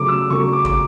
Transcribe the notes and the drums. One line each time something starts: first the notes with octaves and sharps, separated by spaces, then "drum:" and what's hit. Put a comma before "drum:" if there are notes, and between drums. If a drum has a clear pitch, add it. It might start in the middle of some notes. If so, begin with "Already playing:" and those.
Already playing: C#3 F#3 A3 D6
E6
C#3 F#3 A3 C#6
D6
D6, drum: kick